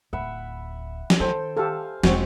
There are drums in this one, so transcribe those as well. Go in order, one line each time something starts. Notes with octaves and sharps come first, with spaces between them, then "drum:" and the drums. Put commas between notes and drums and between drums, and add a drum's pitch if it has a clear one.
D1 E5 F#5 B5
drum: snare
D#3 A4 C5 G5
G4 A4 F5 G#5
E1 G#3 C4 D4 F#4, drum: snare